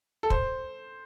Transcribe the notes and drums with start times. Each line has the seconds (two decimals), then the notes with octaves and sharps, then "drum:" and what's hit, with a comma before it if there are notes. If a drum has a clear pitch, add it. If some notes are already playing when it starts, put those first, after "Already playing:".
0.23 A4
0.30 C5, drum: kick